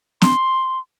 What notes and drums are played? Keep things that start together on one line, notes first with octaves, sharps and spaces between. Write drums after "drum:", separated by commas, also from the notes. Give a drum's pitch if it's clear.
C6, drum: snare